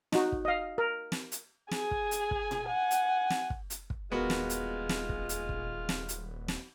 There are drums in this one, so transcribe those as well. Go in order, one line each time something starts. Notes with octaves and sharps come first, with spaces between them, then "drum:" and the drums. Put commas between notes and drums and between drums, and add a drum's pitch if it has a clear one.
D#4 F#4, drum: snare
drum: kick
D#5 F5
A#4
drum: snare
drum: hi-hat
G#4 G#5, drum: snare
drum: kick
drum: hi-hat
drum: kick
drum: tom A#2
F#5 G#5
drum: hi-hat
drum: snare
drum: kick
drum: hi-hat
drum: kick
D#1 G#3 B3 F4 F#4 A#4
drum: snare
drum: hi-hat
drum: snare
drum: kick
drum: hi-hat
drum: kick
drum: snare
drum: hi-hat
drum: snare